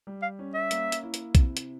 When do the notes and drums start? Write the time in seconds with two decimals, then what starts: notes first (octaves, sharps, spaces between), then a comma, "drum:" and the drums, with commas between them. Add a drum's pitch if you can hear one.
0.07 G3
0.22 F5
0.39 C#4
0.54 E5
0.71 A#3, drum: hi-hat
0.92 drum: hi-hat
1.03 E4
1.14 drum: hi-hat
1.35 C3, drum: kick B1, hi-hat
1.57 drum: hi-hat